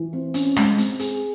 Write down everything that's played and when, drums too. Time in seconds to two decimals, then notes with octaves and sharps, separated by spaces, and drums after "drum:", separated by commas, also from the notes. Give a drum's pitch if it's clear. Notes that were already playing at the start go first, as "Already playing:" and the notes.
Already playing: E3
0.13 C4
0.34 C#4, drum: hi-hat
0.56 G#3, drum: rim click
0.78 C4, drum: hi-hat
0.99 G#4, drum: hi-hat